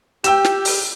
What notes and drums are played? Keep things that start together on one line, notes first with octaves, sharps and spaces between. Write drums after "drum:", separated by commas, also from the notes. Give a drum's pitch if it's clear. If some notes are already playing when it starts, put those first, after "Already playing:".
G4 G5 E6 E7, drum: hi-hat
drum: snare
drum: open hi-hat